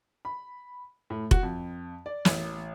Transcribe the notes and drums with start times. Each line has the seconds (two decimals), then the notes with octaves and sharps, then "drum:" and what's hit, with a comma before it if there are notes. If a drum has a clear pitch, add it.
0.25 B5
1.10 A2
1.31 F#4, drum: kick F1
1.43 F2
2.06 D5
2.25 A1, drum: snare